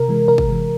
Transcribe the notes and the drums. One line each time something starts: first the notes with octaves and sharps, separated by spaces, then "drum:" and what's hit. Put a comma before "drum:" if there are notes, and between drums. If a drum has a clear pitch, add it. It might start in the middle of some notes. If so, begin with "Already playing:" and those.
Already playing: C3 A#4
E3 G#3
C3 A#4
drum: kick
E3 G#3